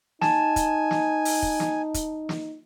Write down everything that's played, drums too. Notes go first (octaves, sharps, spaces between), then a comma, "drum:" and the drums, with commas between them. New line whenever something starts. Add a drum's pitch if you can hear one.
D#4 G#5 A5, drum: snare
drum: kick, hi-hat
drum: snare
drum: open hi-hat
drum: kick
drum: snare
drum: kick, hi-hat
drum: snare